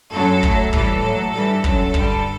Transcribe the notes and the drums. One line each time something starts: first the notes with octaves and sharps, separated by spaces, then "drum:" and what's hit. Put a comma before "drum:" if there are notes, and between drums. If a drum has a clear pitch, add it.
F#2 F#3 A4
A2 F#3, drum: kick
A2 E3 G3 A4, drum: kick
A2 F#3
G2 E3 G3 A4
F#2 F#3, drum: kick
G2 D3 G3, drum: kick